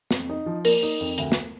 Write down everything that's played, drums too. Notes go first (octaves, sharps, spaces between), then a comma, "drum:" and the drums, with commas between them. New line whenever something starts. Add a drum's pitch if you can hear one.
F2, drum: snare
D#4
F3
A#3 A#4, drum: open hi-hat
D#4
F2
D2, drum: hi-hat
drum: snare